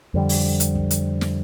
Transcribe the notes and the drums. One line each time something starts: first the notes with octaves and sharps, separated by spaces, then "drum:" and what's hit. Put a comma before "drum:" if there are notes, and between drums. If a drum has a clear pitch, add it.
F2 D3 G3
drum: open hi-hat
drum: hi-hat
drum: kick
drum: hi-hat
drum: snare